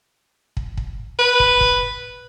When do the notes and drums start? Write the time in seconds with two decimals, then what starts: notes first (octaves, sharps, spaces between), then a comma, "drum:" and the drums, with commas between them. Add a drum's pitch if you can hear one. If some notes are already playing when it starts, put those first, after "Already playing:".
0.57 drum: kick
0.77 drum: kick
1.19 B4
1.40 drum: kick
1.61 drum: kick